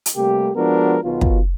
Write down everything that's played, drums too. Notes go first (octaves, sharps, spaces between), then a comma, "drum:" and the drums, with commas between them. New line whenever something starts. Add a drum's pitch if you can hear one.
drum: hi-hat
C3 G3 A3 A#3 G4
F3 G#3 B3 D4 F#4 A#4
B1 B2 D#3 F#3 F4
drum: kick